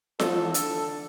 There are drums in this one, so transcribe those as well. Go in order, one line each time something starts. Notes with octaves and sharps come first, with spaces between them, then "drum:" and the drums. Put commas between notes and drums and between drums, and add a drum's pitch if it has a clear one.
F3 A4, drum: snare F4
E3
D3 A4, drum: hi-hat